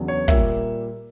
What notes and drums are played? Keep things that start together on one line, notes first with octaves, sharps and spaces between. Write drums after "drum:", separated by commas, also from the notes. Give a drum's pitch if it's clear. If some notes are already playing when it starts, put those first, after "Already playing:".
Already playing: E2 C#3 F#3 B3 D4
C#5
A#2 G3 A#3 E5, drum: kick